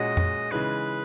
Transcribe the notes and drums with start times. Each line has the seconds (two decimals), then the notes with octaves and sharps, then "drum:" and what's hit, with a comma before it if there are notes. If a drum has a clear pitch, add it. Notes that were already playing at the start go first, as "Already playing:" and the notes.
Already playing: A#2 G#3 C#4 F#4 D#5
0.17 drum: tom F2
0.51 C#3 E3 G#3 D#4 B4